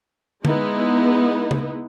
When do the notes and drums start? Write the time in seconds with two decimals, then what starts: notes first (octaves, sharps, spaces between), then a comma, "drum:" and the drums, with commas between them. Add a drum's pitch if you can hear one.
0.45 G#3 B3 D#4 E4, drum: tom D3
1.51 drum: tom C#3